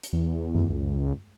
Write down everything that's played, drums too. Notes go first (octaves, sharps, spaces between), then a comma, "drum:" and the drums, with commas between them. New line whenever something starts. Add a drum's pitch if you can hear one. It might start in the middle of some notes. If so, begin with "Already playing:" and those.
drum: hi-hat
E2
drum: tom F#2
C#2